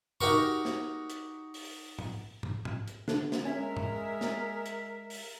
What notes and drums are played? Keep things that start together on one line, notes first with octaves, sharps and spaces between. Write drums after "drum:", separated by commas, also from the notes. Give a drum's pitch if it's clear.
D#4 F#4 G4 A#4 C#6, drum: tom
drum: snare
drum: hi-hat
drum: open hi-hat
drum: tom
drum: tom
drum: tom
drum: hi-hat
D3, drum: snare
drum: snare
G#3 C#4 A#4 E5
drum: tom
drum: snare
drum: hi-hat
drum: open hi-hat